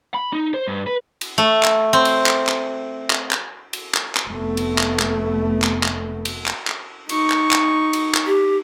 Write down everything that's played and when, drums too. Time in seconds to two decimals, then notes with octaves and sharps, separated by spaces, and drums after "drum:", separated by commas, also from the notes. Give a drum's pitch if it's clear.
0.14 B5
0.33 D#4
0.54 C5
0.68 G2
0.87 B4
1.21 drum: cymbal
1.38 A3
1.63 drum: clap
1.93 C4
2.05 drum: cymbal
2.26 drum: clap
2.47 drum: clap
3.10 drum: clap
3.31 drum: clap
3.73 drum: cymbal
3.94 drum: clap
4.15 drum: clap
4.30 F1 A3 B3
4.57 drum: cymbal
4.78 drum: clap
4.99 drum: clap
5.62 drum: clap
5.83 drum: clap
6.25 drum: cymbal
6.46 drum: clap
6.67 drum: clap
7.09 D#4 C#6, drum: cymbal
7.30 drum: clap
7.51 drum: clap
7.93 drum: cymbal
8.14 drum: clap
8.27 G4